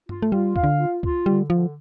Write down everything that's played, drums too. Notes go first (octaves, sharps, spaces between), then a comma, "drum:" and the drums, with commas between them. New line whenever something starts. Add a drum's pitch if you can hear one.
F4, drum: tom G2
A3
G3 F4
F5, drum: kick
D3
F4
F4, drum: kick
D3 G3
D3 F3